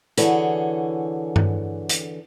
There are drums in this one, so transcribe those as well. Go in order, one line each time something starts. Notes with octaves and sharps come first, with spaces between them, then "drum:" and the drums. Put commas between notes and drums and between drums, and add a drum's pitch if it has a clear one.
D3 E3 F#4 G#4 A4 C#5, drum: hi-hat
drum: tom G2
drum: hi-hat